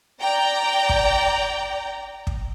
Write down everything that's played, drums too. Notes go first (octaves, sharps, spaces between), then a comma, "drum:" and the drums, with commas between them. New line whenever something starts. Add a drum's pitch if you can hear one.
D5 G5 A#5
drum: kick
drum: kick